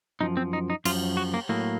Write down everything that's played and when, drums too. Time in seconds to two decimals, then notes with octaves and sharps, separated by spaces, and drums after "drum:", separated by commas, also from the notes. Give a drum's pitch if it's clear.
0.21 F#2 F3 D#4
0.37 C4
0.53 D#4
0.70 D#4
0.85 F#2 F3 F4, drum: cymbal
1.17 F#4
1.34 A#3
1.49 A2 F#3 A#3